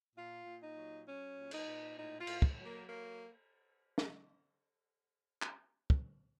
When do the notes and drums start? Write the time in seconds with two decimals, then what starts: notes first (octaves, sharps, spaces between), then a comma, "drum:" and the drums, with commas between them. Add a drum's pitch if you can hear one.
0.15 A#2 F4
0.46 A#2
0.61 D#4
0.76 F#3
1.06 F#3 C#4
1.36 A#2
1.51 D#4, drum: cymbal
1.66 A#2
1.96 A2 D#4
2.19 F4
2.27 A2, drum: cymbal
2.42 drum: kick
2.57 F#3
2.65 A#3
2.87 F#3 A#3
3.98 drum: snare
5.42 drum: clap
5.90 drum: kick